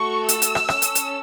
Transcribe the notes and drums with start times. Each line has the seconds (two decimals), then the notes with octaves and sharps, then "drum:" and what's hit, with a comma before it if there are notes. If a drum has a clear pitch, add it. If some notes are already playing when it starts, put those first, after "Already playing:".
Already playing: A3 F#4 A4 C#6
0.29 E6, drum: hi-hat
0.42 drum: hi-hat
0.55 drum: rim click
0.68 C#4 A4, drum: rim click
0.82 drum: hi-hat
0.95 drum: hi-hat